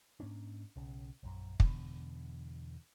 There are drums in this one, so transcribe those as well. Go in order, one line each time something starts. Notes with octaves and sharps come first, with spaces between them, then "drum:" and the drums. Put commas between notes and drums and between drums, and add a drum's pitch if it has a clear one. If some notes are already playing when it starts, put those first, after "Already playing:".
G#2 A#3 C#4 D4
B1 C#3
A#1 F#2
E2 B2 D3, drum: kick